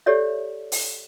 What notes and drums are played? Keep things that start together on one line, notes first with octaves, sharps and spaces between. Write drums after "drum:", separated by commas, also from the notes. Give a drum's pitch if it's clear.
G4 A4 C#5 D5 E5
drum: open hi-hat